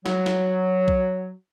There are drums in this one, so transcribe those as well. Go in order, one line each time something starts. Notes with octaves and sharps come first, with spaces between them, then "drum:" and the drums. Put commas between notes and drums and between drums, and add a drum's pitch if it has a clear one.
F#3, drum: snare
drum: snare
drum: kick B1